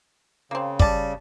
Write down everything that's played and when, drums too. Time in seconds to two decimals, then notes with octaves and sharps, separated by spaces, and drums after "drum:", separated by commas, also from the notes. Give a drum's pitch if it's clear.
0.51 C#3 A#3 C4
0.80 G3 D5 A5, drum: kick